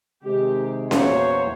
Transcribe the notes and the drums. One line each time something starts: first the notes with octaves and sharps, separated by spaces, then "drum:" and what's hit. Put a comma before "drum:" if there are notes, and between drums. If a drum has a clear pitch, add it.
C3 D#3 G#3 G4
E2 A#2 F#4 C5 C#5 F#5, drum: snare C#4